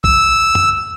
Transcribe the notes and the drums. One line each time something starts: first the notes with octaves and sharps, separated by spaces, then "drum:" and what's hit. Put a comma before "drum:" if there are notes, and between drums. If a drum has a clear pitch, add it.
E6, drum: kick
drum: tom F2